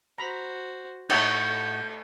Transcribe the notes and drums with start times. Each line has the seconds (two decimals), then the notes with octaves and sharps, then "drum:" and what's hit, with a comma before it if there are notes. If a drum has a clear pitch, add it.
0.18 F#4 C5 A#5 B5
1.10 A2 A3 D#4 F#4 A4 C#5 E5 G6, drum: cymbal